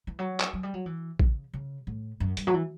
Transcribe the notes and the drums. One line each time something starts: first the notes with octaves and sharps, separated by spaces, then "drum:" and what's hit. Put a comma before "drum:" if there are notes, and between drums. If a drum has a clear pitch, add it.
E3
F#3
drum: clap
F#3
G3
F#3
E3
C#3, drum: kick A#1
C#3
A2
F#2
G2, drum: hi-hat
F#3
E3